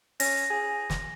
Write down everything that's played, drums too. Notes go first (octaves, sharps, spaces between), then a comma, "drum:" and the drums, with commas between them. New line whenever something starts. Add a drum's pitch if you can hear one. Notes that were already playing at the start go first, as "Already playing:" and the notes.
C#4 A#6, drum: open hi-hat
G#4
drum: snare